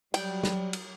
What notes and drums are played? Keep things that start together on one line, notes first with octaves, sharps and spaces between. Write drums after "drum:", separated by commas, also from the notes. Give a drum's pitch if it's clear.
F#3 G3 G5, drum: cymbal
drum: snare
drum: cymbal